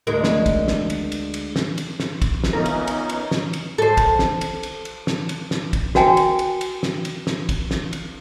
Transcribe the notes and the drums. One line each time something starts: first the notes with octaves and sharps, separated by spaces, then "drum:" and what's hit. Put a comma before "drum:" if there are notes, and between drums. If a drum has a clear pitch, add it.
D2 G#3 A#4
drum: snare
drum: kick, cymbal
drum: snare
drum: cymbal
drum: cymbal
drum: cymbal
drum: snare
drum: cymbal
drum: snare
drum: kick, cymbal
drum: snare
E3 B3 C#4 D#4 F4 A#4
drum: cymbal
drum: cymbal
drum: cymbal
drum: snare
drum: cymbal
A4 C5
drum: kick, cymbal
drum: snare
drum: cymbal
drum: cymbal
drum: cymbal
drum: snare
drum: cymbal
drum: snare
drum: kick, cymbal
F#4 A#4 G5 G#5, drum: snare
drum: cymbal
drum: cymbal
drum: cymbal
drum: snare
drum: cymbal
drum: snare
drum: kick, cymbal
drum: snare
drum: cymbal